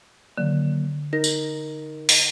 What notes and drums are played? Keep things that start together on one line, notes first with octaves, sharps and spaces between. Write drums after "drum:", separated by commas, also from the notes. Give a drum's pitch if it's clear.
D3 D#3 F#3 A#3
D#4 A#4 A#6
drum: tambourine
drum: open hi-hat